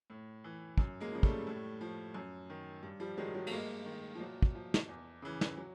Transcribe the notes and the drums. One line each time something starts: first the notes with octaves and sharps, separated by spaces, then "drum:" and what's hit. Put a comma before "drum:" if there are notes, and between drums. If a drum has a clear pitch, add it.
A2
E3
F#2, drum: kick
G#3 A#3
C#3 F3
G3 A3, drum: kick
A2
F3
F#2
D#3
G2
F3 G3
D#3 F#3 G#3
F#3 G#3
A3, drum: cymbal
G2 G#3 A#3
D#3
F3
A#2 F#3
drum: kick
F3
drum: snare
E2
C#3 E3
drum: snare
F#3